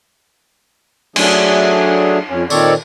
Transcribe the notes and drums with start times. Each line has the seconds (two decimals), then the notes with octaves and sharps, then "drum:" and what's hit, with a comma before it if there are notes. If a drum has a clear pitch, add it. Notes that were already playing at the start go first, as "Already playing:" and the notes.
1.16 F#3 A3 D4 G#4, drum: cymbal
2.29 F2 C#4
2.50 A#2 D#3 C4 A4 C#5 D5, drum: tambourine